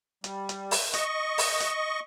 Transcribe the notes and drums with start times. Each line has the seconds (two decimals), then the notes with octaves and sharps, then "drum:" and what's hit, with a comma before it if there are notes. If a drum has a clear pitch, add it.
0.24 G3, drum: hi-hat
0.49 drum: hi-hat
0.71 drum: open hi-hat
0.93 D#5 C#6, drum: hi-hat
1.38 drum: open hi-hat
1.60 drum: hi-hat